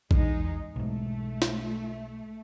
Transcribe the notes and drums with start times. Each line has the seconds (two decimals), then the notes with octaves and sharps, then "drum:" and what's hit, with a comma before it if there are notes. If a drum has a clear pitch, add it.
0.11 E2 G#3 D#4, drum: kick A#1
0.76 B1 G#2 A3
1.42 drum: snare